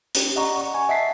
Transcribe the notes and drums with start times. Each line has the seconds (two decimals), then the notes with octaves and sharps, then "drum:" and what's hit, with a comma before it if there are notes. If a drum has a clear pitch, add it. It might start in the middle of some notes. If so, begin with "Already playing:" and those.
0.15 C#4 G4, drum: hi-hat
0.36 D5 D#5 F#5 A#5 C#6
0.61 C#6
0.74 G#5
0.89 D#5 E5 F#5 A5 B6 C7